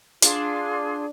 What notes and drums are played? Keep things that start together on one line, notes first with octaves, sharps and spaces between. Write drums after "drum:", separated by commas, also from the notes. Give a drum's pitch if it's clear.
D4 F4 G#4 C6, drum: hi-hat